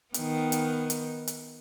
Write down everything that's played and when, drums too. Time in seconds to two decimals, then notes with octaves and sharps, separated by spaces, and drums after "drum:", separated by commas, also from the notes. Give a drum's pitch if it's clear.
0.14 D#3 B3, drum: hi-hat
0.52 drum: hi-hat
0.90 drum: hi-hat
1.27 drum: hi-hat